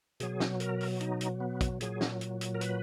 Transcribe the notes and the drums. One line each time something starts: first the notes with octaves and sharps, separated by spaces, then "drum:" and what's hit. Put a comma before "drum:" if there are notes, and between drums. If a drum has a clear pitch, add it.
B2 F#3 G#4, drum: hi-hat
drum: snare
A#4, drum: hi-hat
drum: open hi-hat
D#4, drum: hi-hat
drum: hi-hat
B3
drum: kick, hi-hat
A#2 F#3 G#4, drum: hi-hat
drum: snare
drum: hi-hat
drum: hi-hat
A#4
B4, drum: hi-hat